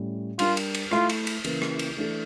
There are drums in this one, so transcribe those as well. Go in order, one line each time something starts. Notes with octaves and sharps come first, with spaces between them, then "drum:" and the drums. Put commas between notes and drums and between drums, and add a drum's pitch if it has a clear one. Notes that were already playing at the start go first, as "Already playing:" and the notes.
Already playing: A2 G3 C#4
G3 D4 F4 G4 A#4, drum: cymbal
drum: cymbal
drum: cymbal
A3 E4 F4 A4, drum: rim click
drum: cymbal
drum: cymbal
C#3 E3 A#3 C#4 E4, drum: cymbal
drum: rim click
drum: cymbal
E3 A3 D4 A4